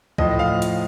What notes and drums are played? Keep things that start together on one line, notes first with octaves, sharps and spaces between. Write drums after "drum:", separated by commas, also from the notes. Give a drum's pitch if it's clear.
A2 F3 D#5, drum: kick
F5
drum: hi-hat